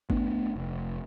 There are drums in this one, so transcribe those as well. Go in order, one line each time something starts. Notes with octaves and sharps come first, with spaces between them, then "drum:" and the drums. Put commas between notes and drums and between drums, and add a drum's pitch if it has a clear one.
A3 B3 D4, drum: kick G#1
F1